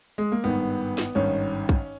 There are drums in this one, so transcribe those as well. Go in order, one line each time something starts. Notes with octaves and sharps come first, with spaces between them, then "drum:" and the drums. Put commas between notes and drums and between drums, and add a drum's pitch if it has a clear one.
G#3
A#3
G#1 G2 D#3 B3
drum: snare
G#1 G2 D#3 C#4
drum: kick A#1